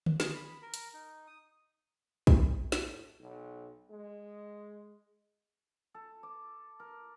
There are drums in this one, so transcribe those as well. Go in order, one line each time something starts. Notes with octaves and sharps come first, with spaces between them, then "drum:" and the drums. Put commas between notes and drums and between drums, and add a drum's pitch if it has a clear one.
drum: tom D3
G#4, drum: snare
B5
A#4
drum: hi-hat
D#4
D#6
drum: kick
A2, drum: snare
B1
G#3
A4
D6
A#4